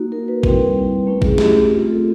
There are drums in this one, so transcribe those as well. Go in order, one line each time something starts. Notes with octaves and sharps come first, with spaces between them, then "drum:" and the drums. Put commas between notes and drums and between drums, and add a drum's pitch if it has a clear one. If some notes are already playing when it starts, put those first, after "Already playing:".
Already playing: A#3 D#4 F#4
A#4
B4
G3 C4 E4, drum: kick
A3 C#4 E4
G#4, drum: kick
G4, drum: snare
A3 C4 F4
A4